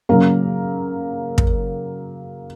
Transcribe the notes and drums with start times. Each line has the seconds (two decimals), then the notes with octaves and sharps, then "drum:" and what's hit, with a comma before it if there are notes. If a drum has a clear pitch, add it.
0.09 C#3 F#3 A#3 A#4
1.38 drum: kick